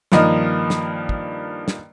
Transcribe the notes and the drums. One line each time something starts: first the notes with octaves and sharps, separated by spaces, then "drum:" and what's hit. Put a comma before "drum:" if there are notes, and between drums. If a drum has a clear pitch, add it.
G2 D#3 F3 A#3 D#5, drum: snare
drum: snare
drum: kick
drum: snare